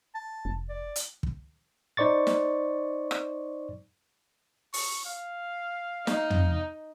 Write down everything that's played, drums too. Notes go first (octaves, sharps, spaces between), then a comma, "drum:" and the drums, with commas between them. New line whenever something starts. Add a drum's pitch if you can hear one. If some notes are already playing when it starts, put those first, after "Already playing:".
A5
F1
D5
drum: hi-hat
drum: kick
D#4 C5 D5 C#6 A6
drum: snare
drum: rim click
C#6, drum: open hi-hat
F5
D#4, drum: snare
drum: tom